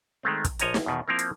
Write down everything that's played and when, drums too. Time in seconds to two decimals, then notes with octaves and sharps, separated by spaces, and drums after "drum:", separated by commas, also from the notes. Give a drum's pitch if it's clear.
0.23 D#3 G#3 A3 C4
0.45 drum: kick, hi-hat
0.59 A#1 F3 C#5 D#5 G#5 A#5, drum: hi-hat
0.74 drum: snare
0.86 E2 B2 D#3
1.08 F3 A#3 C4 E4 A#4
1.19 drum: hi-hat